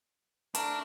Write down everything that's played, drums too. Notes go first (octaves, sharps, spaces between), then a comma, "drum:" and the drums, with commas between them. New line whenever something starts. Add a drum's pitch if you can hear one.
A3 D4 F#4 A#4, drum: hi-hat